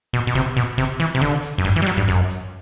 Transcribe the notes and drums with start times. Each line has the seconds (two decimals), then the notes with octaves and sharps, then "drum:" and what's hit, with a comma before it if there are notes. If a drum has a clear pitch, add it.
0.13 B2
0.27 B2
0.35 C3, drum: kick, hi-hat
0.57 B2, drum: hi-hat
0.78 C3, drum: kick, hi-hat
1.00 E3, drum: hi-hat
1.15 C3
1.21 D3, drum: kick, hi-hat
1.43 drum: hi-hat
1.58 F#2
1.65 G2, drum: kick, hi-hat
1.76 E3
1.82 G3
1.86 F#3, drum: hi-hat
1.97 G2
2.08 F#2, drum: kick, hi-hat
2.30 drum: hi-hat